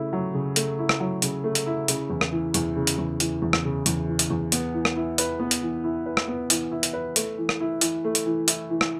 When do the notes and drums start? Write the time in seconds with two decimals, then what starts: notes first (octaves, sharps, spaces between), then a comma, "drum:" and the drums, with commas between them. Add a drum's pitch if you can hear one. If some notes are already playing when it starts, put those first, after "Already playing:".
Already playing: C#3 A3 E4
0.13 F#3
0.34 C#3
0.56 A3, drum: hi-hat
0.79 E4
0.89 drum: rim click
1.00 F#3
1.22 C#3, drum: hi-hat
1.44 A3
1.55 drum: hi-hat
1.66 E4
1.88 C#3, drum: hi-hat
2.10 E2
2.21 drum: rim click
2.32 E3
2.54 E2, drum: hi-hat
2.76 C#3
2.87 drum: hi-hat
2.98 E2
3.20 E3, drum: hi-hat
3.42 E2
3.53 drum: rim click
3.65 C#3
3.86 E2, drum: hi-hat
4.08 E3
4.19 drum: hi-hat
4.30 E2
4.52 B3, drum: hi-hat
4.74 E3
4.85 drum: rim click
4.96 E4
5.18 B4, drum: hi-hat
5.40 B3
5.51 drum: hi-hat
5.62 E3
5.84 E4
6.06 B4
6.17 drum: rim click
6.28 B3
6.50 E3, drum: hi-hat
6.71 E4
6.83 drum: hi-hat
6.93 B4
7.16 A3, drum: hi-hat
7.38 E3
7.49 drum: rim click
7.60 E4
7.81 E3, drum: hi-hat
8.05 A3
8.15 drum: hi-hat
8.26 E3
8.48 E4, drum: hi-hat
8.70 E3
8.81 drum: rim click